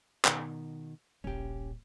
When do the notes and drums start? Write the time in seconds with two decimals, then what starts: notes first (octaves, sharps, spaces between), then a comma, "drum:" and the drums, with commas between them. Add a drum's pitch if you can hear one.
0.25 B2 D#3, drum: clap
1.24 D#1 A#1 C#4 G4